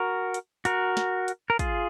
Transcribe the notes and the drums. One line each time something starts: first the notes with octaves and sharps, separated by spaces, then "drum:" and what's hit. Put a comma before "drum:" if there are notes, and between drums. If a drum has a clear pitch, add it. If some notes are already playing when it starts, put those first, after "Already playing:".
Already playing: F#4 A#4
drum: hi-hat
F#4 A#4, drum: hi-hat
drum: snare
drum: hi-hat
A#4
F4 G#4, drum: kick, hi-hat